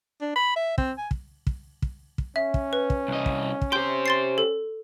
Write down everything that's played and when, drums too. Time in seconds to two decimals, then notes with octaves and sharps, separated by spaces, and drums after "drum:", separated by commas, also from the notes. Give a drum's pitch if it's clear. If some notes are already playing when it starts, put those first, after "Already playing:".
0.21 D4
0.36 B5
0.56 E5
0.78 C4, drum: kick
0.98 G#5
1.11 drum: kick
1.47 drum: kick
1.82 drum: kick
2.18 drum: kick
2.36 C#4 E5
2.54 drum: kick
2.73 B4
2.90 drum: kick
3.08 C2 D#5
3.26 drum: kick
3.61 drum: kick
3.72 G4 C5 C6 G6
4.06 C6 A6 C7
4.38 A4